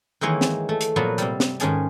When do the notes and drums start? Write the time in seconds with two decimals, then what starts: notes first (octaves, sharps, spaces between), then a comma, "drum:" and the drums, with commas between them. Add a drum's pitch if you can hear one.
0.21 D#3 E3 G#3 A#3 C#5
0.41 drum: snare
0.69 A3
0.81 drum: hi-hat
0.96 A#2 F3 F#3 B3 F#4
1.18 C3 G3, drum: hi-hat
1.40 drum: snare
1.60 G#2 D#3 C#4 G#4 A5, drum: hi-hat